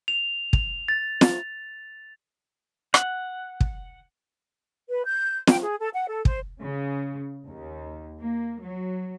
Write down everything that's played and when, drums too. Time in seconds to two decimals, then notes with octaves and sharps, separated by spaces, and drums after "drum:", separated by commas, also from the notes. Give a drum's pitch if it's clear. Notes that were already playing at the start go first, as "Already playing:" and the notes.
0.08 F7
0.53 F7, drum: kick
0.88 A6
1.21 drum: snare
2.94 F#5, drum: rim click
3.60 drum: kick
4.89 B4
5.05 G6
5.47 G5, drum: snare
5.62 G#4
5.78 A4
5.93 F#5
6.08 A4
6.25 C5, drum: kick
6.59 C#3
7.47 D#2
8.22 A#3
8.61 F#3